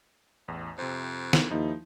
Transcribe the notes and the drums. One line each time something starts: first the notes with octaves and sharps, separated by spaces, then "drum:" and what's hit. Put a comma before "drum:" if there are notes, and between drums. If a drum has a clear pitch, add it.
A1 E2
F2 C3 C5
drum: snare
D#2 F3 D#4 E4